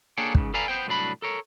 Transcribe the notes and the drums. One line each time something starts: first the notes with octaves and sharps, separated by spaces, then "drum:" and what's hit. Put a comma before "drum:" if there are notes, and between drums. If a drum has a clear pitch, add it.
A#3 D4 G#4 A4 C#5 G5
C#2 G#2 C#3, drum: kick
A4 B4 D5 F5 G#5 A#5
B3 C5 G5
C2 A2 F#3 D4 B5
A4 A#4 C#5